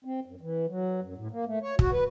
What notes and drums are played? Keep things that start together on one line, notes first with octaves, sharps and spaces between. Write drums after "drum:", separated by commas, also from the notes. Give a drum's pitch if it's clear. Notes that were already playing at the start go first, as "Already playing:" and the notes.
C4
F#2
E3
F#3
F#2
A2
A#3
A3
C#5
F#4, drum: kick
B4